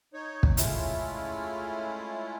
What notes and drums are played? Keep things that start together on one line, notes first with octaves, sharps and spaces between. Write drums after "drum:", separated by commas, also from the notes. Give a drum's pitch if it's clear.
D#4 C#5
drum: kick
G#3 A3 C#4 E4 F4, drum: hi-hat